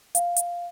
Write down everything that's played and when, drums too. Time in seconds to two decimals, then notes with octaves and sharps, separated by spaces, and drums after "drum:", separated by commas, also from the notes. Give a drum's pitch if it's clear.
0.15 F5, drum: hi-hat
0.36 drum: hi-hat